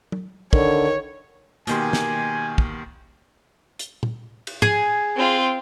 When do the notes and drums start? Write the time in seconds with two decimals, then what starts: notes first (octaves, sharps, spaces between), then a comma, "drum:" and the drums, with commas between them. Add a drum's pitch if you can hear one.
0.12 drum: tom
0.53 D3 D#3 C#5, drum: kick
1.67 B2 D#3 A#3 G4 G#5 C6, drum: hi-hat
1.93 drum: snare
2.58 drum: kick
3.79 drum: hi-hat
4.03 drum: tom
4.47 drum: cymbal
4.62 G#4, drum: tom
5.17 C4 F4